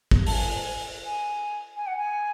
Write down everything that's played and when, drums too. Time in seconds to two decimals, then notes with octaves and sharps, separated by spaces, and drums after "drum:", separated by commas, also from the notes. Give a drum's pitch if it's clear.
0.11 drum: kick
0.27 A5, drum: open hi-hat
0.34 G#5
1.05 G#5
1.77 G#5
1.87 F#5
1.97 G#5